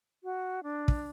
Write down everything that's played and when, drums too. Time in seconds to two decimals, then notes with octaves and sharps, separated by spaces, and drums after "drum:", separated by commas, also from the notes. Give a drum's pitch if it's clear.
0.24 F#4
0.63 D4
0.88 drum: kick